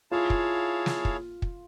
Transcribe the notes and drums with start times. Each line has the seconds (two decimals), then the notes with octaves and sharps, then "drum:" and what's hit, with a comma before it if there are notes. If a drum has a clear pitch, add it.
0.11 E4 F4 G#4 C#5 F5 A5
0.30 drum: kick
0.86 drum: snare
1.05 drum: kick
1.42 drum: kick